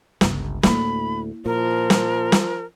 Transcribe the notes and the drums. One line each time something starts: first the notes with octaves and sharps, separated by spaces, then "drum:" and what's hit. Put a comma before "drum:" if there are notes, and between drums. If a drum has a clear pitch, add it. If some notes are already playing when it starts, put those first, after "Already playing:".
G1 C#2, drum: snare
D2 A2 A3 A#3 E4 B5, drum: snare
A#2 F3 A#4
drum: snare
drum: snare